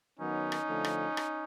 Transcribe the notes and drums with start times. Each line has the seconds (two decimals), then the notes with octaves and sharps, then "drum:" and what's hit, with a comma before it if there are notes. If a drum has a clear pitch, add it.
0.19 D#3 F#3 B3 C#4 D#4
0.52 drum: rim click
0.68 D3 F3 A3
0.84 drum: rim click
1.17 drum: rim click